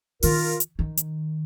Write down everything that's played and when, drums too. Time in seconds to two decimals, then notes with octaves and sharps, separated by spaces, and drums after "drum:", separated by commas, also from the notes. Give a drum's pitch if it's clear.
0.23 D#3 F4 A#4, drum: open hi-hat
0.60 drum: hi-hat
0.79 D#3
0.97 drum: hi-hat